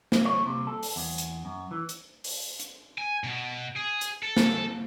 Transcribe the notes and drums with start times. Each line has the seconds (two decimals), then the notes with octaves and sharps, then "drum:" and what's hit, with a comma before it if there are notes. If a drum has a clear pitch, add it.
0.12 drum: snare
0.25 C#5
0.46 C3
0.67 A4
0.83 drum: open hi-hat
0.96 E2
1.18 drum: hi-hat
1.45 F#2
1.71 E3
1.89 drum: hi-hat
2.24 drum: open hi-hat
2.60 drum: hi-hat
2.98 G#5
3.24 B2
3.77 G#4
4.01 drum: hi-hat
4.23 A4
4.37 drum: snare